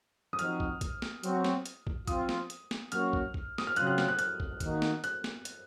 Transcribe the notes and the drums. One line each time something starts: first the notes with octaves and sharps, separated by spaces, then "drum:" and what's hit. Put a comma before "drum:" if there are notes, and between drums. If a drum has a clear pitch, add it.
D#6
F3 C4 D#4 F#4 F6, drum: hi-hat
drum: kick
drum: kick, hi-hat
drum: snare
F#3 C4 F#4, drum: hi-hat
drum: snare
drum: hi-hat
drum: kick
F3 C4 F4 D#6, drum: kick, hi-hat
drum: snare
drum: hi-hat
drum: snare
F#3 A#3 C#4 F#4 F6, drum: hi-hat
drum: kick
drum: kick
D#6, drum: snare
F6
C#3 F#3 C4 F4 F#6, drum: hi-hat
F#6
F#6, drum: snare
F#6
F#6, drum: hi-hat
drum: kick
D#3 A#3 D#4 F#4, drum: kick, hi-hat
drum: snare
F#6, drum: hi-hat
drum: snare
drum: hi-hat